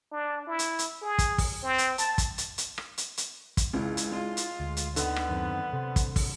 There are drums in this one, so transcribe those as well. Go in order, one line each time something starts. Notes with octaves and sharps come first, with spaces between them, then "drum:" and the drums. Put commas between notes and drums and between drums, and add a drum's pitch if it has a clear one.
D4
E4
drum: hi-hat
drum: hi-hat
G#4
drum: kick, hi-hat
drum: kick, open hi-hat
C4
drum: hi-hat
A5, drum: hi-hat
drum: kick, hi-hat
drum: hi-hat
drum: hi-hat
drum: rim click
drum: hi-hat
drum: hi-hat
drum: kick, hi-hat
C#2 D4 E4 G#4
drum: hi-hat
G#3 F4
drum: hi-hat
D2
drum: hi-hat
D3 B3 D#4, drum: hi-hat
drum: rim click
F#2 D#3 C4
C3 A4 C5
drum: kick, hi-hat
drum: kick, open hi-hat